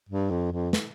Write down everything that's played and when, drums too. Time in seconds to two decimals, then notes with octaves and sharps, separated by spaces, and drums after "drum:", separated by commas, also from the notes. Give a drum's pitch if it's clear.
0.09 G2
0.30 F2
0.52 F2
0.73 drum: snare